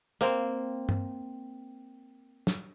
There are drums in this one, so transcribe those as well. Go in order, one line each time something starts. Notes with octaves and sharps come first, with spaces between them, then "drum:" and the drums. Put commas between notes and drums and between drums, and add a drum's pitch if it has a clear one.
A#3 C4, drum: hi-hat
drum: tom
drum: snare